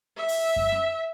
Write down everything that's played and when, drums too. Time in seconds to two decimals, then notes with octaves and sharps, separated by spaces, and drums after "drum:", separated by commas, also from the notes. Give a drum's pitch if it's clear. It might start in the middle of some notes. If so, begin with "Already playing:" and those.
0.17 E5
0.28 drum: open hi-hat
0.56 drum: kick F#2
0.72 drum: snare